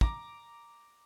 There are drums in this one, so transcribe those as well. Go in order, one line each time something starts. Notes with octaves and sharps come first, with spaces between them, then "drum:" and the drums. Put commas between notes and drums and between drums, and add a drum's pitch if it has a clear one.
A#5 D6, drum: kick